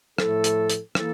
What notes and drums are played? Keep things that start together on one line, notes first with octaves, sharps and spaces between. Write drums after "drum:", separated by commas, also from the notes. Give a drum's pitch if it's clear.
A2 F3 A3 E4 A4, drum: rim click
drum: hi-hat
drum: hi-hat
E3 A#3 E4 A4, drum: rim click